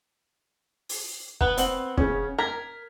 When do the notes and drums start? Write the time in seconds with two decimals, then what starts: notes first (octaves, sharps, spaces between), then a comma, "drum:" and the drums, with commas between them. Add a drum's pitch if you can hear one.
0.89 drum: open hi-hat
1.41 B3 B4, drum: kick
1.57 C4 F#5 F#7, drum: hi-hat
1.97 C#3 C#4, drum: kick
2.38 A#4 F6 G#6 B6